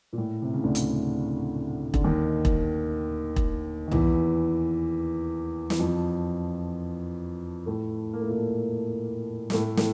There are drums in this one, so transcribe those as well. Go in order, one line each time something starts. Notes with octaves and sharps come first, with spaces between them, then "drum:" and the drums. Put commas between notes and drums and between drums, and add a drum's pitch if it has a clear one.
A#2
A2
C3
C#3
D2 D3
drum: hi-hat
D3, drum: kick E1
D#2 D#3
drum: kick E1
drum: kick E1
D#3
E2 E3, drum: tom C2
E3, drum: snare
F2 F3
A2 A3
A#3
A3
A#2 A#3
A#3, drum: snare
A2 A3
A2 A3, drum: snare